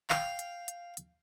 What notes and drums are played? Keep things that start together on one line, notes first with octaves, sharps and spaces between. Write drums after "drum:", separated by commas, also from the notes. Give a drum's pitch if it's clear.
F5 G5, drum: clap
drum: hi-hat
drum: hi-hat
drum: hi-hat